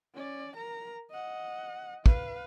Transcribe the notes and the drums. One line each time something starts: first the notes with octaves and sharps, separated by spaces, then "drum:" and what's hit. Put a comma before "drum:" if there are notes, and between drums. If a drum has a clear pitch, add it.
C#4 D5
A#4 A#5
D#5 F#5
B4 F5, drum: kick